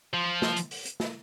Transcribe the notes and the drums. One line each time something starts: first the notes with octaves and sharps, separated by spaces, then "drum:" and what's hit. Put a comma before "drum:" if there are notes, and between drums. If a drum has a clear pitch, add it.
F3
drum: snare
drum: hi-hat
drum: open hi-hat
drum: hi-hat
drum: snare